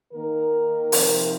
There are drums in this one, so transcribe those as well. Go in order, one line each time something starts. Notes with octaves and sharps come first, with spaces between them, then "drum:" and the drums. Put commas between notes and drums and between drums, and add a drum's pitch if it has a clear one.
D#3 A#3 D#4 A#4
C3 F3 C4 D#4, drum: open hi-hat